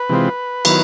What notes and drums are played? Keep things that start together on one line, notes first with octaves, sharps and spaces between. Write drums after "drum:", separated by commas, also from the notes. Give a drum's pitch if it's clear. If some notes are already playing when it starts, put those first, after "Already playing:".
Already playing: B4
C3 E3 G#3 C4 F4
D#3 F#3 B3 E4, drum: cymbal